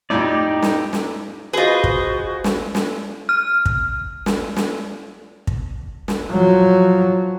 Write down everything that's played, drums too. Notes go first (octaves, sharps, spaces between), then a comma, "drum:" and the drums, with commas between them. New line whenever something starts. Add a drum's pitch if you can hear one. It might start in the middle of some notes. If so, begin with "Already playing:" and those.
F2 A2 D#4 G4 D5
drum: snare
drum: snare
F4 F#4 G#4 B4 C5 D#5
drum: kick
drum: snare
drum: snare
F6
drum: kick
drum: snare
drum: snare
drum: kick
drum: snare
F3 F#3